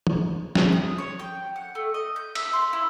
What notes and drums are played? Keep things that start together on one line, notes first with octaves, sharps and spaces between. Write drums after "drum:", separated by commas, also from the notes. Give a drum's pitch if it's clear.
drum: tom
drum: snare
D#6
C#5
G5
F#5
A3
D#5
G6
E5, drum: cymbal
C6
E4